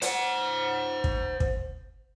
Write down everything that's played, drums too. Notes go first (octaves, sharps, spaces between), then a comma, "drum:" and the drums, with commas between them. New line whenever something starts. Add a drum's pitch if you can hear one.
C5 F#5, drum: hi-hat
drum: kick
drum: kick